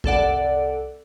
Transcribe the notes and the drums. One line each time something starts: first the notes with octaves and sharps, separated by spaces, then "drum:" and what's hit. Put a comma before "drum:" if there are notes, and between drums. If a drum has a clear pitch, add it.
C2 A4 D5 F#5, drum: kick G#1